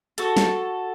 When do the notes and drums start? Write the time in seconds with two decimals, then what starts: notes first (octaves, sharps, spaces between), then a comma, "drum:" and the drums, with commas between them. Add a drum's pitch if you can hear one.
0.18 F#4 A4, drum: hi-hat
0.37 drum: snare